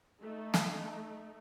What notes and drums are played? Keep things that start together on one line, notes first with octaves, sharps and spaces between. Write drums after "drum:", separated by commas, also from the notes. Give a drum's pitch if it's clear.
A3 D#4
drum: snare